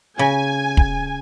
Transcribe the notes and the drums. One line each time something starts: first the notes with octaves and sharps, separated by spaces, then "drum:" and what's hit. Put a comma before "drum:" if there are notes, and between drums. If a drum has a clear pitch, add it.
C#3 G#5
drum: kick